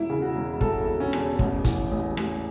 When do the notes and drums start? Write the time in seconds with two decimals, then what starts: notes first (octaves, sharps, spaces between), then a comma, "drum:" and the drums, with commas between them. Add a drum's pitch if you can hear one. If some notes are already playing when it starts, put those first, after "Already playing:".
Already playing: E1 E4
0.10 C#3
0.22 F#4
0.35 E1
0.61 E1 A4, drum: kick
0.87 E1
1.00 C#4
1.13 E2, drum: rim click
1.39 A1, drum: kick
1.65 E3, drum: kick, hi-hat
1.91 A1
2.17 A1, drum: rim click